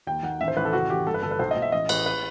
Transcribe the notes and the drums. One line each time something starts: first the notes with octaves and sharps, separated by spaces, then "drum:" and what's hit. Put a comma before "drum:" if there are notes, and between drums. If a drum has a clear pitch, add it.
D#2 G5
D#3 F#5
A1 E5
C5
A1 B4
A4
F#1 F#4
E3 G4
G2 A4
B4
G1 A4
B4
B1 C5
D#5
B1
E5
A1 D#5
A1 B4, drum: cymbal
B4